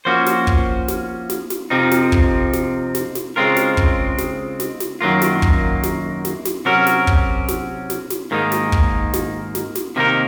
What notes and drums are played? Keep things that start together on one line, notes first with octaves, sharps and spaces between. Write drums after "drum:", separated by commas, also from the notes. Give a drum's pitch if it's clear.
F3 A#3 C#4 F#4 C5
drum: snare
drum: kick
drum: snare
drum: snare
drum: snare
F2 C3 F3 C4 D#4
drum: snare
drum: kick
drum: snare
drum: snare
drum: snare
C#3 G#3 C4 F4 A#4
drum: snare
drum: kick
drum: snare
drum: snare
drum: snare
F#2 D#3 F#3 A#3 F4
drum: snare
drum: kick
drum: snare
drum: snare
drum: snare
C3 F#3 C#4 F#4 A#4
drum: snare
drum: kick
drum: snare
drum: snare
drum: snare
G#2 D#3 A#3 D#4
drum: snare
drum: kick
drum: snare
drum: snare
drum: snare
C3 D#3 A#3 D#4 A#4